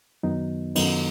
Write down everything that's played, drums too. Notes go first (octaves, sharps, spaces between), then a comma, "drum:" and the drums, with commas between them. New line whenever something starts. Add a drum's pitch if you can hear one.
F#2 D#3 F#3 B3 D#4
F#2 D#3 F#3 B3 D#4, drum: cymbal